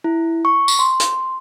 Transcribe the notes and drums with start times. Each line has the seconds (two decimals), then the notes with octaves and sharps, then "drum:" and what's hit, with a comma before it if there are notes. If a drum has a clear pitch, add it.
0.04 E4
0.45 C#6
0.68 drum: tambourine
0.79 C6
1.00 drum: hi-hat